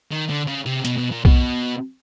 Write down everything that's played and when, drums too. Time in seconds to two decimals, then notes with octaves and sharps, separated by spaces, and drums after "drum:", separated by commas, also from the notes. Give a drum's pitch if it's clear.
0.11 D#3
0.29 D3
0.47 C#3
0.66 C3
0.85 B2, drum: hi-hat
0.98 B2
1.12 A#2
1.25 B2, drum: kick B1